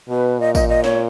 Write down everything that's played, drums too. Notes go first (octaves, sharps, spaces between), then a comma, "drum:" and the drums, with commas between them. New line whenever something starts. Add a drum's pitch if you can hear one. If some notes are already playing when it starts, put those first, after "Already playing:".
B2 B4
A#2 D#5
D#5, drum: kick, tambourine
D#5
C#5, drum: snare